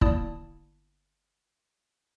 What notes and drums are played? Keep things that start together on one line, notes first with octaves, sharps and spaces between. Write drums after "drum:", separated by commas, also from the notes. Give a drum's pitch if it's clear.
G1 A#3 E4 D5 A5 D#6, drum: kick